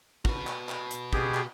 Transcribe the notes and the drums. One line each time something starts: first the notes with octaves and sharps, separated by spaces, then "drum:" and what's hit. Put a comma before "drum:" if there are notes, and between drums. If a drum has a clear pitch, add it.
F#4 B4, drum: kick
drum: clap
drum: clap
drum: hi-hat
B2 G4 G#4, drum: kick
drum: clap